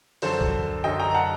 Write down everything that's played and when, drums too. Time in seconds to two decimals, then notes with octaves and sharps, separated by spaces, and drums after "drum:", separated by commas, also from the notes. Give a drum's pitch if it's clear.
0.22 F#2 D3 F#3 A4 C5, drum: open hi-hat
0.41 drum: kick B1
0.84 F#2 D3 F#3 D#5 G5
0.99 G5 A#5
1.11 A#5
1.15 F#5 A5